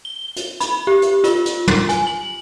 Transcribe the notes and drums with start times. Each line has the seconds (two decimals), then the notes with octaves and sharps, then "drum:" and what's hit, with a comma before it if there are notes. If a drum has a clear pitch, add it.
0.05 G7
0.36 drum: hi-hat
0.60 B5, drum: hi-hat
0.87 G4
1.02 drum: hi-hat
1.24 F4, drum: hi-hat
1.46 drum: hi-hat
1.68 drum: tom
1.89 G#5, drum: hi-hat
2.07 F#7